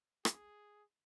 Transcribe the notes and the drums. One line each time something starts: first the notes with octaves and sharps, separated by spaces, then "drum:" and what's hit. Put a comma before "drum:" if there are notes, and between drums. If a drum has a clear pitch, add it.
G#4, drum: rim click